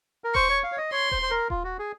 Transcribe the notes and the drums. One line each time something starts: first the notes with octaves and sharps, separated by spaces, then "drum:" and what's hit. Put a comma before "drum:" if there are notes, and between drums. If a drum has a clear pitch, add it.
A#4
C5 C#6, drum: kick D#1
C#5
F5
C#5
D#5
C#5 C6
C5, drum: kick D#1
C5
A#4
F4, drum: kick D#1
F#4
G#4